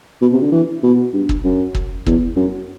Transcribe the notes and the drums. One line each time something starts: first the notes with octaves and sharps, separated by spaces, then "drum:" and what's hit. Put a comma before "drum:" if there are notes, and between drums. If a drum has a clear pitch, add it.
B2
C3
D3
E3
B2
G2
drum: kick
F#2
drum: kick
E2, drum: kick
F#2